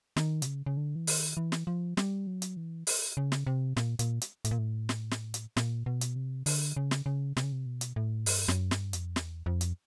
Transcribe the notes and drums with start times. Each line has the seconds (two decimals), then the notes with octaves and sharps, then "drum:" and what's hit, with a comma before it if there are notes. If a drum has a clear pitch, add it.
0.16 D#3, drum: snare
0.42 C3, drum: hi-hat
0.47 C#3
0.66 C#3
0.77 D3
0.96 E3
1.07 D#3, drum: open hi-hat
1.37 E3
1.52 drum: snare
1.67 F3
1.97 G3, drum: snare
2.27 F#3
2.42 drum: hi-hat
2.57 E3
2.87 drum: open hi-hat
3.17 C#3
3.32 drum: snare
3.47 C3
3.77 A#2, drum: snare
3.99 A#2, drum: hi-hat
4.21 drum: hi-hat
4.45 A2, drum: hi-hat
4.51 A#2
4.58 A2
4.89 drum: snare
5.11 drum: snare
5.34 drum: hi-hat
5.57 A#2, drum: snare
5.86 B2
6.01 drum: hi-hat
6.16 C3
6.46 D3, drum: open hi-hat
6.77 C#3
6.91 drum: snare
7.06 C#3
7.37 C3, drum: snare
7.43 C#3
7.52 C3
7.66 B2
7.81 drum: hi-hat
7.96 A2
8.26 G2, drum: open hi-hat
8.48 F#2, drum: snare
8.71 G2, drum: snare
8.93 F2, drum: hi-hat
9.16 E2, drum: snare
9.46 F2
9.61 drum: hi-hat